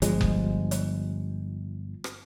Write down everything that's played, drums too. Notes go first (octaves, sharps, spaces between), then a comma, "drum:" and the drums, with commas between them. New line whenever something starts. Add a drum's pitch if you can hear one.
G1 F3 G#3, drum: hi-hat
drum: kick F#1
drum: hi-hat
drum: rim click